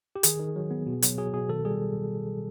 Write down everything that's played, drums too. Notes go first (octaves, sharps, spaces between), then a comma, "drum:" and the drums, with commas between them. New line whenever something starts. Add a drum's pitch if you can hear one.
G4
D#3 G#4, drum: hi-hat
D#3
F#3
B3
B2
F#3, drum: hi-hat
F#3 G#4
B2 G#4
D#3 A4
G3 G#4